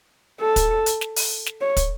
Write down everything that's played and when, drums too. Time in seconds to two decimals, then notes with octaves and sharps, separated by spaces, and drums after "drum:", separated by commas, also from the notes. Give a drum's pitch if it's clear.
0.41 A4
0.56 drum: kick, hi-hat
0.86 drum: hi-hat
1.01 drum: snare
1.16 drum: open hi-hat
1.46 drum: snare
1.61 C#5
1.77 drum: kick, hi-hat